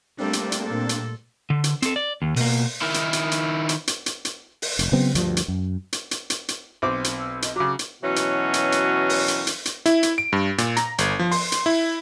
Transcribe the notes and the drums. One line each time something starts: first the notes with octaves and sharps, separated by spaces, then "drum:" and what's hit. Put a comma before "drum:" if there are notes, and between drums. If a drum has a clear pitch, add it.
G3 A3 A#3 C4 D4 A4
drum: hi-hat
drum: hi-hat
A#2 A4
drum: hi-hat
D3
drum: hi-hat
C4 A4, drum: hi-hat
D5
D#2
B2 A#3, drum: open hi-hat
D#3 E4
drum: hi-hat
drum: hi-hat
drum: hi-hat
drum: hi-hat
drum: hi-hat
drum: hi-hat
drum: hi-hat
drum: open hi-hat
F1, drum: hi-hat
C#3 F#3 B3 C4
D2 G2 F3, drum: hi-hat
drum: hi-hat
F#2
drum: hi-hat
drum: hi-hat
drum: hi-hat
drum: hi-hat
B1 C4 D6
drum: hi-hat
E6
D#5, drum: hi-hat
C#3 F#3 D6
drum: hi-hat
B2 E3 F#3 C#4
drum: hi-hat
drum: hi-hat
drum: hi-hat
drum: open hi-hat
drum: hi-hat
drum: hi-hat
drum: hi-hat
E4, drum: hi-hat
drum: hi-hat
D7
G2
A#2, drum: hi-hat
A#5, drum: hi-hat
G1, drum: hi-hat
F3
C6, drum: open hi-hat
drum: hi-hat
E4